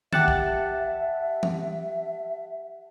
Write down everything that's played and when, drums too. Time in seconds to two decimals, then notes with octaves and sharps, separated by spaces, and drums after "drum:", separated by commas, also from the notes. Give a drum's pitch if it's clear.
0.13 G4 E5 F#5 A5, drum: tom D3
0.28 drum: kick
1.43 drum: tom E3